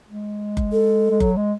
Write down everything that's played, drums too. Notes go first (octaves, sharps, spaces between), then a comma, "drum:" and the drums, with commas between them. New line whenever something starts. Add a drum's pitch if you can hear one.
G#3
drum: kick F#1
A4
G#3
F#3, drum: kick F#1
G#3